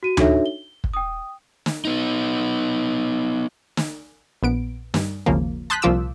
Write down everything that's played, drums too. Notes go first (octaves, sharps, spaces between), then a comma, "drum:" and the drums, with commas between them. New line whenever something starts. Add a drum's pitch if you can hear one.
F#4 D#7
D4 D#4 F#4 A4 C#5 E5, drum: tom D2
G7
drum: kick
G5 D#6
drum: snare
B3 D#4
drum: snare
A#1 B3 D7
G2, drum: snare
G#1 D#2 C#3 F3 A#3
A5 C6 D#6 F#6 G6 B6
C2 A#2 F3 F4 D6 E6